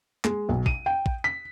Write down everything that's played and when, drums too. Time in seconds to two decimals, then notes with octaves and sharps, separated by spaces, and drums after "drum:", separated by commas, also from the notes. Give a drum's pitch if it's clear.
0.25 G#3, drum: clap
0.49 B1
0.66 D#7, drum: kick
0.86 G5
1.06 drum: kick
1.24 B6